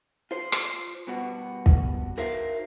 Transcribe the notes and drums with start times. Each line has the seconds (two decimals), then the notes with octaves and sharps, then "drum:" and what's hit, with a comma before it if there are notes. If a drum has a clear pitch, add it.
0.31 F4 C5
0.52 drum: rim click
1.07 G2 B2 F#4
1.66 drum: kick
2.17 D#4 F#4 A#4 C5 E5 F5